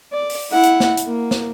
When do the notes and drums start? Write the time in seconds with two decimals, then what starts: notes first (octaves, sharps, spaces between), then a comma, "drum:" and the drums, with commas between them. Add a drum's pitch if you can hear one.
0.13 D5
0.30 drum: open hi-hat
0.51 E4 F#5
0.63 drum: hi-hat
0.80 drum: snare
0.97 drum: hi-hat
1.06 A#3
1.31 drum: snare